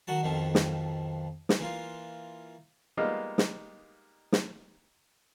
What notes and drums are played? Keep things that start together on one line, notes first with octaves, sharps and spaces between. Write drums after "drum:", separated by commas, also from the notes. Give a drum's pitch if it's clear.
D#3 F#3 F#4 A5
B1 F2 D#3 F3
drum: snare
drum: snare
E3 A#3 F4
G3 G#3 A#3 B3 D#4 F4
drum: snare
drum: snare